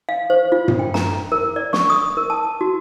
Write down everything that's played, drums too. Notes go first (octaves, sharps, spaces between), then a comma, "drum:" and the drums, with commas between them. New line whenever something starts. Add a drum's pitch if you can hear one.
F5
C5
F4
drum: tom G2
G5
A#5, drum: snare
A#4
D5
C#6, drum: snare
D#6
A#4
A5
F#4